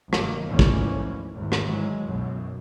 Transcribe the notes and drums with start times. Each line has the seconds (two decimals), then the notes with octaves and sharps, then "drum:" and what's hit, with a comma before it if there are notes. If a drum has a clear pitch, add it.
0.13 F1 G2 D#3 F#3 A#3, drum: rim click
0.49 D2 G#2 E3 F3 A#3 C#4
0.59 drum: kick
1.32 G#1 E2
1.52 drum: rim click
1.64 G#2 E3 F#3 G#3
2.02 B1 F#2 B2